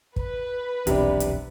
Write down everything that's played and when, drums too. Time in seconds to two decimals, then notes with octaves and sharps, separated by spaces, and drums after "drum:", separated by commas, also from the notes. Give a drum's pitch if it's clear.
0.16 B4, drum: kick
0.87 D#1 B1 E2 C3 D4, drum: hi-hat
1.20 drum: hi-hat